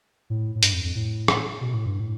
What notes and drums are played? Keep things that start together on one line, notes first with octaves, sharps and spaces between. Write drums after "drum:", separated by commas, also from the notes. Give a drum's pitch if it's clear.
A2
A2
G2, drum: hi-hat
F2
F2
A2
drum: rim click
B2
A2
G2
A2